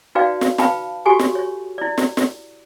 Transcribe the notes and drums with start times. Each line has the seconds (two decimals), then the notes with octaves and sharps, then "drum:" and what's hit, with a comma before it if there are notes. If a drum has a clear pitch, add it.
0.15 D#4 F#4 B4 D5 F5 G5
0.41 drum: snare
0.58 B4 F5 G5 A5 B5, drum: snare
1.06 F#4 G4 A4 G#5 C#6
1.19 drum: snare
1.35 C#5
1.78 E4 D5
1.98 drum: snare
2.17 drum: snare